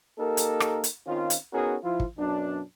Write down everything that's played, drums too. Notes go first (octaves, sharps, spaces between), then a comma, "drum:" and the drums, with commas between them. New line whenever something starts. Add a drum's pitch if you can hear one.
A#3 D#4 G4 A4 A#4
drum: hi-hat
drum: rim click
drum: hi-hat
D#3 C4 C#4 F4
drum: hi-hat
B3 C#4 D#4 F#4 G#4 A#4
F3 E4 F4
drum: kick
F#2 B2 F#3 D4